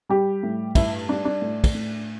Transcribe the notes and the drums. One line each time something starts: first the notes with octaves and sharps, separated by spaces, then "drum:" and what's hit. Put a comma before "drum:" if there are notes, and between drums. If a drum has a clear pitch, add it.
G3 G4
A2
G2 E4, drum: kick, cymbal
G3 D4
D4
A2
drum: kick, cymbal
A2